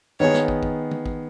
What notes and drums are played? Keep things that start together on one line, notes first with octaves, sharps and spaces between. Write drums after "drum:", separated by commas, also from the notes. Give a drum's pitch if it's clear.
D#3 B3 G#4 C#5
drum: snare
drum: kick
drum: kick
drum: tom
drum: kick